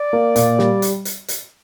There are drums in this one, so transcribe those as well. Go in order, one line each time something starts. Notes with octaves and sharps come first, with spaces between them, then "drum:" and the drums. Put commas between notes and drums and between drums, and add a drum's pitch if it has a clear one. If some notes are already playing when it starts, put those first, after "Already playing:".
Already playing: D5
A#3
A#2, drum: hi-hat
G3, drum: snare
drum: hi-hat
drum: hi-hat
drum: hi-hat